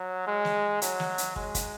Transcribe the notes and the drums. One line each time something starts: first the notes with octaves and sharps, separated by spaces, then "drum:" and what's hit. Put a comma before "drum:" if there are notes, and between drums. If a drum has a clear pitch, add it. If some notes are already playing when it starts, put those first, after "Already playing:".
Already playing: F#3
G#3
drum: snare
F#3, drum: hi-hat
drum: snare
drum: hi-hat
G#3, drum: kick
drum: kick, hi-hat